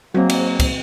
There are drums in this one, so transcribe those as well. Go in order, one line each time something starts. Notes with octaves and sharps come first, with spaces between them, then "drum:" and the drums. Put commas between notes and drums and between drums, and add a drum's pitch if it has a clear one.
G#2 F#3 A#3 C4 F#4, drum: tom F#3
drum: cymbal
drum: kick, cymbal